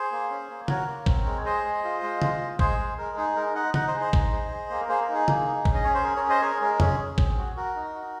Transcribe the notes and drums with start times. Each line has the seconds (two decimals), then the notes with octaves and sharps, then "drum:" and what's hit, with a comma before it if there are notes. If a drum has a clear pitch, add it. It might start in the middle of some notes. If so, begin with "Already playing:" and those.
Already playing: G#4 C5
0.12 A#3
0.31 C#4
0.50 A#3
0.68 F#4 A#4 C#5, drum: tom C#3
0.88 A#3
1.06 C4, drum: kick
1.26 G#3
1.45 G#4 C5 D#5
1.65 G#3
1.84 F4
2.03 G#3
2.22 F4, drum: tom C#3
2.41 G#3
2.59 G#3 G#4 C5, drum: kick
2.78 G#3
2.98 G#3 A#4
3.17 D#4 G#4
3.36 G#3 A#4
3.55 D#4 D#5 F#5
3.74 D#4 D#5 F#5, drum: tom C#3
3.88 C5 D#5
3.94 G#4
4.00 C5 D#5
4.13 D#4, drum: kick
4.32 G#4
4.51 G#4
4.70 A#3 G#4
4.81 A#4
4.88 A#3 G#4 C5
5.01 A#4
5.08 D#4
5.14 G#4
5.28 A#3, drum: tom C#3
5.47 D#4
5.65 C#4, drum: kick
5.75 D#5
5.84 C#4 C#5
5.95 C5
6.03 G#4 A#4
6.16 A#4 C#5
6.22 C#4
6.30 C5 D#5
6.41 G#4 A#4 C#5
6.61 G#3 A#4
6.80 C#4 G#4, drum: tom F2
7.00 C#4
7.18 C4, drum: kick
7.38 F#4
7.56 F#4 A#4
7.76 D#4
7.95 F#4